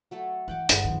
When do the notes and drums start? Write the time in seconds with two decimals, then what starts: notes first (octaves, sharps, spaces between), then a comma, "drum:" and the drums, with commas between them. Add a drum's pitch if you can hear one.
0.11 F#3 A3 A4
0.48 E3 F#5 G5 D6
0.69 G1 G#3 B3, drum: hi-hat
0.84 F2 D#3